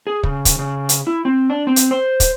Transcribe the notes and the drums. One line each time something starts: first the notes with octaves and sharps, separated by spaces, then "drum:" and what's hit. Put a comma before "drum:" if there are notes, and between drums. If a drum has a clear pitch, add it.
G#4
C#3, drum: kick
drum: kick, hi-hat
C#3
drum: hi-hat
E4
C4
D4
C4
drum: hi-hat
C5
drum: kick, hi-hat